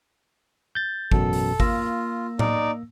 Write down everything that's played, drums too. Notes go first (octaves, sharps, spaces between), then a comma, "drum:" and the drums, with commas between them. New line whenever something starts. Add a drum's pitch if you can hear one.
G6 A6
A1 F#2 B2 A4, drum: kick
drum: open hi-hat
A#3 F4 E6 A#6, drum: kick
D#4 D5, drum: tom A2